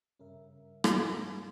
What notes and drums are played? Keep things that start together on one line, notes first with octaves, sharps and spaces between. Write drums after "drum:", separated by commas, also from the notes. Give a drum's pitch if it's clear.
G2 C#3 G3 C#4 A#4 E5
G2 B3 E4 F4 B5 C#6 E6, drum: rim click